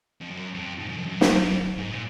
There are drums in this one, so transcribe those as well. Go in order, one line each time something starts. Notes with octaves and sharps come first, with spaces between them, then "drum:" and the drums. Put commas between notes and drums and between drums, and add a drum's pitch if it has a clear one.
F2
F#2
F2
G#2
F#2
F2
F#2
drum: snare
G#2
A#2